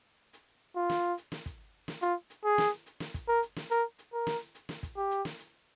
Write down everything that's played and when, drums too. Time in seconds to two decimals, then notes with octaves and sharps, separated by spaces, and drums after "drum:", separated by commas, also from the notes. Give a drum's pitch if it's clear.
0.33 drum: hi-hat
0.76 F4
0.90 drum: snare
1.18 drum: hi-hat
1.32 drum: snare
1.46 drum: kick, hi-hat
1.88 drum: snare
2.02 F4, drum: hi-hat
2.30 drum: hi-hat
2.44 G#4
2.58 drum: snare
2.86 drum: hi-hat
3.00 drum: snare
3.14 drum: kick, hi-hat
3.28 A#4
3.42 drum: hi-hat
3.56 drum: snare
3.71 A#4, drum: hi-hat
3.99 drum: hi-hat
4.13 A#4
4.27 drum: snare
4.55 drum: hi-hat
4.69 drum: snare
4.83 drum: kick, hi-hat
4.97 G4
5.11 drum: hi-hat
5.25 drum: snare
5.39 drum: hi-hat